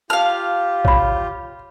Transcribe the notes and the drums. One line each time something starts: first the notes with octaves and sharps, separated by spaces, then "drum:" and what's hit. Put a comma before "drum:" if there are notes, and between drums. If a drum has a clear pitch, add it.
F4 G4 F5 A5 F6
C#5 B5, drum: kick A1